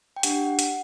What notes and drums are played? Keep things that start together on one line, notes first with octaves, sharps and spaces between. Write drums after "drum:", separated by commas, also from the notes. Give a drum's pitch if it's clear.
G5
D4 G4 F#5, drum: hi-hat
F#5
drum: hi-hat